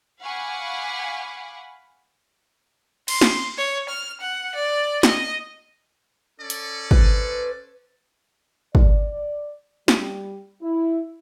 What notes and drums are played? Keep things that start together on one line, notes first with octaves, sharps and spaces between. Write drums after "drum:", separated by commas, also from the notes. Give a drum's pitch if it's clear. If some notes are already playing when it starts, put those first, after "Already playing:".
F5 F#5 G#5 B5 C#6 D6
C6, drum: cymbal
drum: snare
C#5
F6
F#5
D5
D#5, drum: snare
C#4 A4 D5
drum: hi-hat
B4 C5, drum: kick
D5, drum: kick
G3, drum: snare
E4